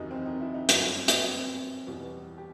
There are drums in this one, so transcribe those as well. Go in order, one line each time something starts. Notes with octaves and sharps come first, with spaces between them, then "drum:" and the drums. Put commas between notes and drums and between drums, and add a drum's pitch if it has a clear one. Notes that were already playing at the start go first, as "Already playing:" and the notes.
Already playing: F#1 E2 C3 D#3 F#3 D#4
C4
D#4
E4
D#4
G1 F#2 F#3 C4, drum: hi-hat
B3, drum: hi-hat
C4
E2 B2 G3
G4